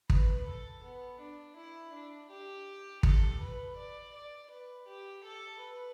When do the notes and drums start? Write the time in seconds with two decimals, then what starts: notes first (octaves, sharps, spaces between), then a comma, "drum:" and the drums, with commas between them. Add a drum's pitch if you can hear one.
0.10 B4, drum: kick
0.47 A4
0.83 B3
1.20 D4
1.56 E4
1.93 D4
2.30 G4
3.03 A4, drum: kick
3.40 B4
3.77 D5
4.14 D5
4.50 B4
4.87 G4
5.23 A4
5.60 B4